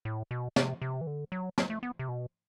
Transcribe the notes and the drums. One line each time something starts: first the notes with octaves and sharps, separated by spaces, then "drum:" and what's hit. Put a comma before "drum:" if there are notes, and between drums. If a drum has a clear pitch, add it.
A2
B2
C3, drum: snare
C3
E3
D3
F#3
F#3, drum: snare
A3
B3
C3
B2